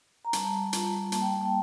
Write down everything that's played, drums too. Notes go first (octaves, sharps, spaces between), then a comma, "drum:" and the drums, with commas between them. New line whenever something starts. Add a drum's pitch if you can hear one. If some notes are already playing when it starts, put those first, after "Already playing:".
A#5
G3 A5, drum: hi-hat
G3
F4, drum: hi-hat
G3
A#3 A5, drum: hi-hat
G5
A#3 A5
G5